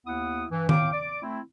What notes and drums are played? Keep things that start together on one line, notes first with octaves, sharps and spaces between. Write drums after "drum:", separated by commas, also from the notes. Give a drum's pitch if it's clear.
D#2 B3 E4 F#5 D#6
G2 E3
A2 F5 G5 D6, drum: tom D#3
D5 D6
A3 C4 E4